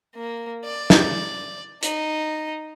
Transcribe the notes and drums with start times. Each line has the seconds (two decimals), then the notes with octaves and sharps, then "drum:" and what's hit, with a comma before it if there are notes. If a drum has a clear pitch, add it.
0.15 A#3
0.65 D5
0.90 drum: snare
1.83 D#4, drum: hi-hat